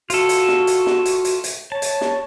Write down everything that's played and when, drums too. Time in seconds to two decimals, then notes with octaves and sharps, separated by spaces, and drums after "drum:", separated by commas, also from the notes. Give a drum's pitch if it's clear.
0.10 F4 F#4 A4, drum: hi-hat
0.29 drum: hi-hat
0.48 drum: snare
0.67 drum: hi-hat
0.86 drum: snare
1.05 drum: hi-hat
1.25 drum: hi-hat
1.44 drum: hi-hat
1.72 C#5 A5
1.82 drum: hi-hat
2.01 drum: snare